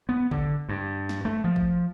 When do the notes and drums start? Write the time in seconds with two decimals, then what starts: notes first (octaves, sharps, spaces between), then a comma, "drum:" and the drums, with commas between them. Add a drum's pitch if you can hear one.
0.09 B3
0.31 D3, drum: kick G#1
0.69 G2
1.09 drum: snare
1.25 A3
1.44 F3
1.56 drum: kick G#1